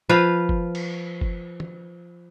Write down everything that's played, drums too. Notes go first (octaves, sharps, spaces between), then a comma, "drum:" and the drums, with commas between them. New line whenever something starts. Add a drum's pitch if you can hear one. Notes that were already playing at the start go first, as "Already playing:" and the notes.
F3 B4 F5
drum: kick F#1
drum: cymbal
drum: kick F#1
drum: tom